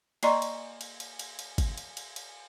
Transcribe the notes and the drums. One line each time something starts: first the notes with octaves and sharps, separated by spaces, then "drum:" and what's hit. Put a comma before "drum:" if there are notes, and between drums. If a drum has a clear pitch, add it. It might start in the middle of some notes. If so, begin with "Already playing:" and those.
A#3 D5 D#5 A#5 C6 C#6, drum: cymbal
drum: cymbal
drum: cymbal
drum: cymbal
drum: cymbal
drum: cymbal
drum: kick G#1, cymbal
drum: cymbal
drum: cymbal
drum: cymbal